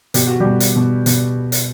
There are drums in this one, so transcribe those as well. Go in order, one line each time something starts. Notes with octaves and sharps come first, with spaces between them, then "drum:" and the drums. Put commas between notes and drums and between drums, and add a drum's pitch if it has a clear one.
B2 G4, drum: hi-hat
F#4
B2 G3 G4
drum: hi-hat
B2
B2, drum: hi-hat
drum: hi-hat